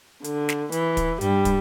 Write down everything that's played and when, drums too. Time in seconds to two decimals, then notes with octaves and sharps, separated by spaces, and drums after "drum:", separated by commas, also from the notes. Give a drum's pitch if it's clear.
0.24 D3, drum: hi-hat
0.49 drum: snare
0.72 E3, drum: hi-hat
0.97 drum: kick, hi-hat
1.21 G2 G3, drum: hi-hat
1.45 drum: kick, hi-hat